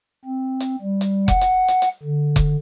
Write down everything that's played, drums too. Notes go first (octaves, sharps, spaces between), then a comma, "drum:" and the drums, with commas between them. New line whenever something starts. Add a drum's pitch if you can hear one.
C4
drum: hi-hat
G3
drum: hi-hat
F#5, drum: kick F1, hi-hat
drum: hi-hat
drum: hi-hat
drum: hi-hat
D3
drum: kick F1, hi-hat